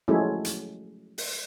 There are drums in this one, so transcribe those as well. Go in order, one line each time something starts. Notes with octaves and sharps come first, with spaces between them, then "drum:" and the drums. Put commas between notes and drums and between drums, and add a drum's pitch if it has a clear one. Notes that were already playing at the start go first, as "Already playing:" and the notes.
F3 F#3 G#3 A3 C#4 E4
drum: hi-hat
drum: open hi-hat